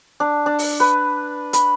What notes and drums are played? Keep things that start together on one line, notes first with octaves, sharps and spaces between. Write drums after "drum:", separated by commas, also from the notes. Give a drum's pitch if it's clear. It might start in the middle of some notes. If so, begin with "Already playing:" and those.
D4
D4
drum: open hi-hat
B4
B5, drum: hi-hat